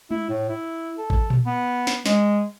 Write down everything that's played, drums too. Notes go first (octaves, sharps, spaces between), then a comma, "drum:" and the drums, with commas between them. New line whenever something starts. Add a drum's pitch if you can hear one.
E4, drum: tom G#3
A2
E4
A4
drum: kick A1
drum: tom A#2
B3
drum: snare
G#3, drum: snare